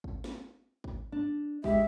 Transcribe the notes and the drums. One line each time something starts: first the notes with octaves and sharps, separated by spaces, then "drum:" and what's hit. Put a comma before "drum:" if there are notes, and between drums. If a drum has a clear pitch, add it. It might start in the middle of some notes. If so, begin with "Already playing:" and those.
drum: kick
drum: snare
drum: kick
D4
G#3 G4 E5, drum: kick